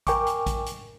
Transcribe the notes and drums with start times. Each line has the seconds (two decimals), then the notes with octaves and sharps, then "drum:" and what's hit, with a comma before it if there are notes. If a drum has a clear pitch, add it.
0.07 A#4 G5 G#5 C#6 D6, drum: kick A#1, hi-hat
0.27 drum: hi-hat
0.46 drum: kick A#1, hi-hat
0.66 drum: hi-hat